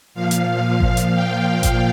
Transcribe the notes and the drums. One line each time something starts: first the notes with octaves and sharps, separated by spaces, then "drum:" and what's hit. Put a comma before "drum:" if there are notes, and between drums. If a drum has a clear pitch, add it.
A#2 F3 F5
drum: hi-hat
drum: kick G#1
drum: hi-hat
G5
drum: kick G#1, hi-hat